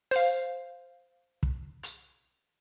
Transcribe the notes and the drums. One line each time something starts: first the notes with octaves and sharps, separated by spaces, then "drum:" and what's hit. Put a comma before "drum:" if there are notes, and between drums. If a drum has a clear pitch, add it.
C5 F5, drum: open hi-hat
drum: kick
drum: hi-hat